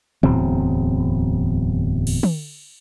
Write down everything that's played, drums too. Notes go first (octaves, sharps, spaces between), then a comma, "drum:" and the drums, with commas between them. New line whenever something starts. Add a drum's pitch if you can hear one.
D1 E2 F#3 C4, drum: tom
drum: cymbal
drum: tom